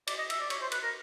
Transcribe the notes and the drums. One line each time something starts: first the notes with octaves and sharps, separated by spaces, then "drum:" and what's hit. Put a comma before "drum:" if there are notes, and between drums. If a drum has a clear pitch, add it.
D5, drum: cymbal
D#5
E5, drum: cymbal
D5
C#5, drum: cymbal
C5
B4, drum: cymbal
A#4